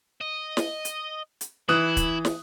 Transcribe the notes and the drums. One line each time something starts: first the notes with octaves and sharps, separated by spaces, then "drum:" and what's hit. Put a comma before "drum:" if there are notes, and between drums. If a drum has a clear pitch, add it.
D#5
drum: snare
drum: hi-hat
drum: hi-hat
E3 E4 D#6 F#6
drum: kick, hi-hat
drum: snare